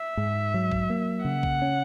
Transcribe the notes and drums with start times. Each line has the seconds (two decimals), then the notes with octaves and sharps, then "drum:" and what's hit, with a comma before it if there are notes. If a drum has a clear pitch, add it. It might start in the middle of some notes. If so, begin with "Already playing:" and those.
Already playing: E5
0.17 G#2
0.54 F#3
0.72 drum: kick A#1
0.90 A#3
1.25 C#3 F#5
1.43 drum: kick A#1
1.62 C#4